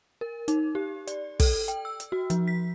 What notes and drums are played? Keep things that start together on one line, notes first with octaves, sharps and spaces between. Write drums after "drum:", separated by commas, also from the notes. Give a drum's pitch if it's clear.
A#4
D#4, drum: hi-hat
G4
D5, drum: hi-hat
A4, drum: kick, open hi-hat
G5, drum: hi-hat
E6
drum: hi-hat
F#4
F3, drum: hi-hat
B6